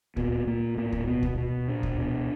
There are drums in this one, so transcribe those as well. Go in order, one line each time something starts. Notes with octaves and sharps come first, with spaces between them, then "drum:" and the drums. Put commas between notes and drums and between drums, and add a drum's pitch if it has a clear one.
A#2 B3, drum: kick D2
A#2 A#3
A2 A#3
drum: kick D2
B2 B3
drum: kick D2
B2
A#2 D4
drum: kick D2
B2